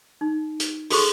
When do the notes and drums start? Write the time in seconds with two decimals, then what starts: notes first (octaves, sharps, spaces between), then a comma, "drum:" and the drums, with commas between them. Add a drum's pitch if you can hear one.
0.21 D#4
0.60 drum: hi-hat
0.90 F#4 G#4 A4 C5 C6 C#6, drum: open hi-hat